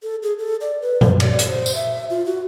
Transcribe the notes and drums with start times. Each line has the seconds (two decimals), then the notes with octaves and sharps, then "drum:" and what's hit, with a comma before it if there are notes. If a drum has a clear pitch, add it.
0.03 A4
0.23 G#4
0.39 A4
0.61 D5
0.82 B4
1.01 C5, drum: tom A#2
1.20 D5, drum: cymbal
1.39 drum: hi-hat
1.49 C5
1.66 drum: tambourine
1.75 E5
2.10 F4
2.26 F#4